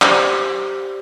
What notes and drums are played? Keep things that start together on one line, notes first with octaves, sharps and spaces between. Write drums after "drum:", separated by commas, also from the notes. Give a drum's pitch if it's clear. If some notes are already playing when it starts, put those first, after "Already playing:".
G4 C5 D5, drum: clap